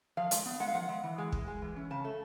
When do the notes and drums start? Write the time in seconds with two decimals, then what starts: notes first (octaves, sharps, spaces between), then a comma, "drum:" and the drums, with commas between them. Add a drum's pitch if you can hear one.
0.17 F3 F5
0.31 G#3, drum: hi-hat
0.46 B3
0.60 G#3 F#5
0.68 F5
0.74 F3 F#5
0.89 G#3
1.04 E3
1.18 G#3
1.32 G#3, drum: kick
1.48 G#3
1.62 E3
1.76 C#4
1.90 C#3 A5
2.04 A3